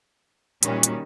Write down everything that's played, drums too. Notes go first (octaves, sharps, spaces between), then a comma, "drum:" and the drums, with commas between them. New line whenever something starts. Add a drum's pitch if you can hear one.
D#2 A#2 D#3 F#3 G3 C#4, drum: hi-hat
drum: hi-hat